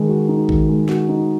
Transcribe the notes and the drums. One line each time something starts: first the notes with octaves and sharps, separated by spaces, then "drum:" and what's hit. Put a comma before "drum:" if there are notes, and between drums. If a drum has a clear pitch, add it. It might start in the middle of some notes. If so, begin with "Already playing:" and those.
Already playing: D#3 G#3
F#4
D#4
D#3, drum: kick A1
G#3
F#4, drum: snare
D#4